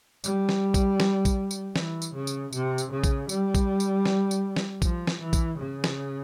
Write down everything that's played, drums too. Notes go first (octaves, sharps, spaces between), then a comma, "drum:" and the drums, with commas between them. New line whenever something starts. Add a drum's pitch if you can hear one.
G3, drum: tambourine
drum: snare
drum: kick A#1, tambourine
drum: snare
drum: kick A#1, tambourine
drum: tambourine
E3, drum: snare
drum: tambourine
C#3
drum: tambourine
C3, drum: tambourine
drum: tambourine
C#3
drum: kick A#1, tambourine
G3, drum: tambourine
drum: kick A#1, tambourine
drum: tambourine
drum: snare
drum: tambourine
drum: snare
F3, drum: kick A#1, tambourine
drum: snare
E3
drum: kick A#1, tambourine
C#3
drum: snare